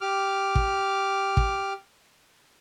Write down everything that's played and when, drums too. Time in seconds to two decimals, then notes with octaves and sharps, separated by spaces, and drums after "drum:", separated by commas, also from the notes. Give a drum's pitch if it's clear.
0.01 G4 D6 F6
0.55 drum: kick
1.37 drum: kick